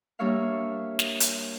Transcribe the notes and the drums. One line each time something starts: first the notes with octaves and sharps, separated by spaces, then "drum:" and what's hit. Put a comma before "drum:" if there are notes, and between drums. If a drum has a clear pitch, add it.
G3 A#3 D4 C#5 E5 F5
drum: snare
drum: hi-hat